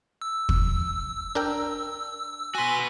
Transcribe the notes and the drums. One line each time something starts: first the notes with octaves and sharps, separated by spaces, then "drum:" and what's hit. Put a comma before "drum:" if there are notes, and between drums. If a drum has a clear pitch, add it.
E6
drum: kick
D4 A#4 G5
F#4 B4 G#5 C6